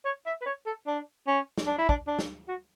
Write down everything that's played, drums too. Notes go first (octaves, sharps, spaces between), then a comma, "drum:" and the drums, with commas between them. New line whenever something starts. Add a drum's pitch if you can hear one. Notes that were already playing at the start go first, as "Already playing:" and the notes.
C#5
E5
B4
C#5
A4
D4
C#4
drum: snare
D4
E4
D4, drum: kick
D4
drum: snare
F#4